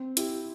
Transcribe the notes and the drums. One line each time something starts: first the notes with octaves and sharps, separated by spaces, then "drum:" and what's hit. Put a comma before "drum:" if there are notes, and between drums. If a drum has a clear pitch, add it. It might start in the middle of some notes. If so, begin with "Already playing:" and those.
Already playing: C4
E4 G4, drum: hi-hat